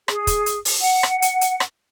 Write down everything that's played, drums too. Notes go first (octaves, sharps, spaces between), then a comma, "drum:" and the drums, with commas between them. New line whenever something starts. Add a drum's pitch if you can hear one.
G#4, drum: rim click
drum: kick, hi-hat
drum: hi-hat
drum: open hi-hat
F#5
drum: rim click
drum: hi-hat
drum: hi-hat
drum: rim click